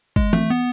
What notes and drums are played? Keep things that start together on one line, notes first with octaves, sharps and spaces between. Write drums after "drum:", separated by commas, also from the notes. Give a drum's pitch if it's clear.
G#3, drum: kick
A3, drum: tom E3
B3